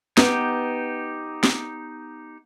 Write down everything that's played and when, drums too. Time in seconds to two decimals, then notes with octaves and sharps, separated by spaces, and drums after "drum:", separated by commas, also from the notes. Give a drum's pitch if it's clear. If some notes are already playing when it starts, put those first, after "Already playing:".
0.18 B3 D#4 G4, drum: snare
1.44 drum: snare